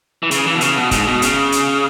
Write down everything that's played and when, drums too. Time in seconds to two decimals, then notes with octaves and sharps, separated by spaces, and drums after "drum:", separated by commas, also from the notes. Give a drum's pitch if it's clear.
0.23 E3
0.31 C#3, drum: hi-hat
0.47 E3
0.55 B2
0.61 C#3, drum: hi-hat
0.76 B2
0.91 G#2, drum: kick, hi-hat
1.07 B2
1.22 C#3, drum: hi-hat
1.52 drum: hi-hat